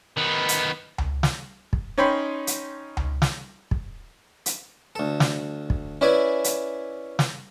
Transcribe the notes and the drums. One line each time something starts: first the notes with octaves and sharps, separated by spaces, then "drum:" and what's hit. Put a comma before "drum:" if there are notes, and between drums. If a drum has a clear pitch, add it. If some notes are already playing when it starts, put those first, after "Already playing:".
D#3 B3
drum: hi-hat
drum: tom C#2
drum: snare
drum: kick
C#4 D#4 C#5 G5 B5 C6
drum: hi-hat
drum: tom C#2
drum: snare
drum: kick
drum: hi-hat
D2 A4
drum: snare
drum: kick
C#4 E4 B4 D5 E5 G#5
drum: hi-hat
drum: snare